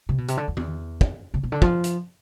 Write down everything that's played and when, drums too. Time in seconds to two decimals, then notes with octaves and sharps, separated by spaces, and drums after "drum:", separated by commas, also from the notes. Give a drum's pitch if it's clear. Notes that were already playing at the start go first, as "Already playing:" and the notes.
0.09 C3
0.18 B2
0.28 C3, drum: hi-hat
0.37 D3
0.48 F2
0.57 E2, drum: tom D#3
1.01 drum: kick
1.34 C3
1.43 B2
1.52 D3
1.62 F3, drum: kick
1.84 drum: hi-hat